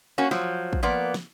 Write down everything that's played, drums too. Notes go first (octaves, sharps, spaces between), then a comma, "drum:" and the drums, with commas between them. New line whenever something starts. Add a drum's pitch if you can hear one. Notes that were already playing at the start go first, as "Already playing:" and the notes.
A#3 C#4 F#4
F3 F#3, drum: snare
drum: kick
F3 A#3 B3 D5
drum: snare